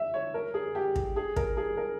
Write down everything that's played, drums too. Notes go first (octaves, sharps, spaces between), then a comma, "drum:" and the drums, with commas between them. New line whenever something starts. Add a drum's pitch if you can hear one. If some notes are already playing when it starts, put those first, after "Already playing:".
Already playing: E5
C#5
A#4
G#4
G4
drum: kick
G#4
A#4, drum: kick
G#4
A#4